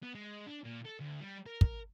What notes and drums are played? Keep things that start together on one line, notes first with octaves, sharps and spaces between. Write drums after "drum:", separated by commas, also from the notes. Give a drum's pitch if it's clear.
B3
G#3
D4
A#2
A4
D2
G3
A#4
drum: kick